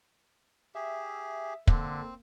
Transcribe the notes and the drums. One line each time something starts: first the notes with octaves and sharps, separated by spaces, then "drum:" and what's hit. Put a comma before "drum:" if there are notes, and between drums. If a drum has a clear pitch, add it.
G4 G#4 E5
D3 A#3 C4, drum: kick